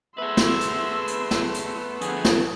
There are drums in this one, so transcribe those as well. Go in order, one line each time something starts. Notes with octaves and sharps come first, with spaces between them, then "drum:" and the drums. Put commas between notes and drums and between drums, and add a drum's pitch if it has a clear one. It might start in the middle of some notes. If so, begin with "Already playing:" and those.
A3 B3 G#4 B4 E5 C6 E6
drum: snare
drum: hi-hat
drum: hi-hat
drum: snare
drum: hi-hat
F2 D3 G#4, drum: hi-hat
drum: snare